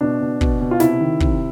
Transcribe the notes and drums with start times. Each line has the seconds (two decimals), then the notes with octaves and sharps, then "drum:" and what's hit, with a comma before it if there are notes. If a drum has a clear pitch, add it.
0.01 B2 D4
0.21 B2
0.41 B2, drum: kick
0.61 B2
0.71 F4
0.80 C3 E4, drum: snare
1.01 D#3
1.20 C3, drum: kick